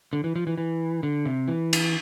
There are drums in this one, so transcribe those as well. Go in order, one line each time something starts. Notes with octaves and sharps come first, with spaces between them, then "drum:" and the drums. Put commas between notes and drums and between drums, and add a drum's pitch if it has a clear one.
D3
E3
F3
E3
E3
D3
C3
E3
drum: cymbal